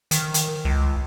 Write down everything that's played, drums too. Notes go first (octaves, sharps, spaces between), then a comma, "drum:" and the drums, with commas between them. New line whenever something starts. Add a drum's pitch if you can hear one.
D#3, drum: hi-hat
drum: hi-hat
C#2